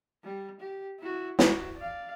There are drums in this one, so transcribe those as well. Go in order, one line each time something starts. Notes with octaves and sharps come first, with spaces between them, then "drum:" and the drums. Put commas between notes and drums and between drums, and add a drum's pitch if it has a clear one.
G3
G4
E4 F#4
E4 F#4, drum: snare
D5 F5